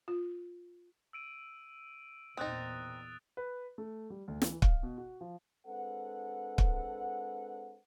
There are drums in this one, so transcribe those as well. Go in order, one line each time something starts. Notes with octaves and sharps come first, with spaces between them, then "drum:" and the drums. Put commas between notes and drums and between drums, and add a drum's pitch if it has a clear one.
F4
E6 D7 D#7
E2 A#2 C4 D#4 D#6 F#6 A6
B4
A3
G3
D2
E3, drum: snare
F5, drum: kick
B2
F#4
F3
G#3 C4 D4 A4 B4 F#5
drum: kick